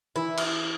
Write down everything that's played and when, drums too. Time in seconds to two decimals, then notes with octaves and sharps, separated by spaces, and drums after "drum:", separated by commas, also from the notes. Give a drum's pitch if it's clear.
0.16 E3 E4
0.37 drum: cymbal